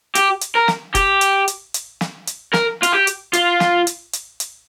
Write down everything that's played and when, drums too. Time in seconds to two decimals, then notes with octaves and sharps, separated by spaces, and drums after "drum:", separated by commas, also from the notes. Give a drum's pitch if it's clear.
0.15 G4, drum: hi-hat
0.41 drum: hi-hat
0.55 A#4
0.68 drum: snare
0.95 G4, drum: kick, hi-hat
1.21 drum: hi-hat
1.48 drum: hi-hat
1.74 drum: hi-hat
2.01 drum: snare
2.27 drum: hi-hat
2.53 A#4, drum: snare
2.83 F4, drum: hi-hat
2.93 G4
3.07 drum: hi-hat
3.33 F4, drum: hi-hat
3.60 drum: snare
3.87 drum: hi-hat
4.13 drum: hi-hat
4.40 drum: hi-hat